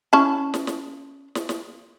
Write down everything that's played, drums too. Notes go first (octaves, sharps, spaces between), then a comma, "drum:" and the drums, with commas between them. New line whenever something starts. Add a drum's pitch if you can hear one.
C#4 E4 A5
drum: snare
drum: snare
drum: snare
drum: snare